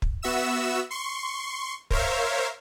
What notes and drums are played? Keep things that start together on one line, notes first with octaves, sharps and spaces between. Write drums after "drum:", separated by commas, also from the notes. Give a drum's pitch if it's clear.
drum: kick
B3 F#4 E5 E6 E7
C6 C#6
A#4 C5 C#5 E5 F5, drum: kick